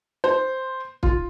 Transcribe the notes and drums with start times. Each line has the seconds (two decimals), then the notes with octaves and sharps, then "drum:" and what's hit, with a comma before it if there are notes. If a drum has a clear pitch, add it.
0.24 C5
1.03 F4, drum: kick